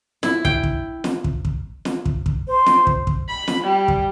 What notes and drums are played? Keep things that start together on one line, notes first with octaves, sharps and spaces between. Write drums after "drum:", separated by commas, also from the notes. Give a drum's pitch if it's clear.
E4, drum: snare
G5, drum: kick
drum: kick
drum: snare
drum: kick
drum: kick
drum: snare
drum: kick
drum: kick
C5
drum: snare
drum: kick
drum: kick
B5
drum: snare
G3
drum: kick